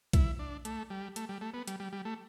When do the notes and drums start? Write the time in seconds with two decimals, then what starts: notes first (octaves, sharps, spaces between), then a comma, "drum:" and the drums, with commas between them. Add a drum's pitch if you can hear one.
0.13 E4, drum: kick B1, hi-hat
0.39 D4
0.65 A3, drum: hi-hat
0.90 G3
1.16 A3, drum: hi-hat
1.29 G3
1.41 A3
1.54 B3
1.67 G3, drum: hi-hat
1.80 G3
1.93 G3
2.05 A3